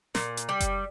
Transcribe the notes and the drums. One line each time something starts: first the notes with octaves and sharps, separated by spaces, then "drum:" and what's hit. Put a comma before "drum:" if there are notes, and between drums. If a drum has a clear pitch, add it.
A#2, drum: snare
drum: hi-hat
G3
drum: kick F#1, hi-hat